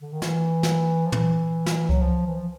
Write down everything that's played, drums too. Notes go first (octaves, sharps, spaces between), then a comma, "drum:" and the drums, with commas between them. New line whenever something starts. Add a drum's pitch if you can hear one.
D3
D#3
E3, drum: snare
drum: snare
F3
E3, drum: tom
drum: snare
F#3, drum: kick C#2
F3
E3
F3